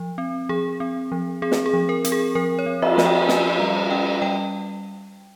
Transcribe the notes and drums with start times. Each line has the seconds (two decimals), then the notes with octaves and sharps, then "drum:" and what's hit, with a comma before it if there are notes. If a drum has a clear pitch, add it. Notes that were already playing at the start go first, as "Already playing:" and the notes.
Already playing: F3
0.18 C4
0.49 F3 G#4
0.80 C4
1.12 F3
1.42 C4 G#4
1.52 drum: snare
1.66 G#4
1.73 F3
1.89 A#4
2.04 C4, drum: hi-hat
2.12 G#4
2.35 F3 A#4
2.59 C#5
2.66 C4
2.82 E5, drum: cymbal
2.98 F3, drum: snare
3.05 G5
3.29 C#4 G#5, drum: snare
3.60 G3 A#5
3.90 C#4 G5
4.22 G3 G5